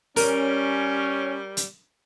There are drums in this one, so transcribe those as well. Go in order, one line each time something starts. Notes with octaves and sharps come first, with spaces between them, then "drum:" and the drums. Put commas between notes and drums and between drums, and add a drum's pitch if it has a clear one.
G3 C#4 A#4, drum: open hi-hat
drum: hi-hat